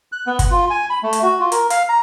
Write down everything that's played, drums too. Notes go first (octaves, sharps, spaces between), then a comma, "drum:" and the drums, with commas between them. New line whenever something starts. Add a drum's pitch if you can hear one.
F#6
B3
F#5, drum: kick, hi-hat
F4
G#5
B5
A3
drum: hi-hat
F#4
F4
A#4, drum: hi-hat
F5, drum: hi-hat
A#5